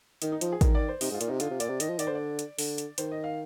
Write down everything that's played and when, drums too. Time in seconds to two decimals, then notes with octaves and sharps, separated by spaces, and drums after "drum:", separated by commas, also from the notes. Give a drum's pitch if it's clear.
0.22 D#3 D#4, drum: hi-hat
0.32 D#4
0.41 F3, drum: hi-hat
0.52 G#4
0.61 D#3 A#4, drum: kick, hi-hat
0.75 D5
0.88 C5
1.01 C3 D#4, drum: open hi-hat
1.11 G#2
1.14 F4
1.21 A#2, drum: hi-hat
1.28 C3 D#4
1.40 D3 F4, drum: hi-hat
1.50 C3
1.60 A#2 D5, drum: hi-hat
1.70 C3
1.80 D#3 D#5, drum: hi-hat
1.89 F3
1.99 D#3 D5, drum: hi-hat
2.07 D3 C5
2.15 D5
2.39 drum: hi-hat
2.58 D3, drum: open hi-hat
2.78 drum: hi-hat
2.98 D#3 C5, drum: hi-hat
3.11 D#5
3.24 F5